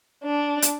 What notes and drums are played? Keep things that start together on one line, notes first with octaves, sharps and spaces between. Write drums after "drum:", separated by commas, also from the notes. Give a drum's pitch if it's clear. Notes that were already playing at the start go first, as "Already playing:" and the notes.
D4
drum: hi-hat